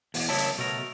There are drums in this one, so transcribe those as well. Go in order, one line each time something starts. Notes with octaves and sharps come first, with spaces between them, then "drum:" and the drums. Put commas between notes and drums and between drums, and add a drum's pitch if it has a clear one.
E2 B2, drum: open hi-hat
C#3 E4 C#5 A5
drum: hi-hat
B2 A3 A#4